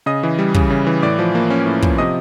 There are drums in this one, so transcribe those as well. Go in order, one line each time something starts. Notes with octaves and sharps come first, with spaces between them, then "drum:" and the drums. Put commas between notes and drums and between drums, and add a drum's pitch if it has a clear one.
C#3 D#5 D#6
E3
G3
C#3, drum: kick
C#3
E3
A2 D5 D6
F3
A#3
C#4
A2
F3, drum: kick
C3 D#5 D#6